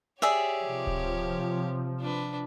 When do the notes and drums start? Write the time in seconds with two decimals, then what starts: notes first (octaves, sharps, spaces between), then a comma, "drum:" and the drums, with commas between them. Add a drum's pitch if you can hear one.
0.22 G4 G#4 C#5 D5 E5
0.62 C3 F3
0.87 drum: kick D1
2.00 D4 B4